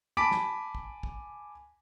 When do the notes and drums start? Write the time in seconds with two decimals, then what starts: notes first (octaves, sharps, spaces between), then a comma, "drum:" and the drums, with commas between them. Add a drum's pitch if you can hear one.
0.17 G#5 A5 B5 D6 B6 D7
0.31 drum: snare
0.75 drum: kick
1.03 drum: kick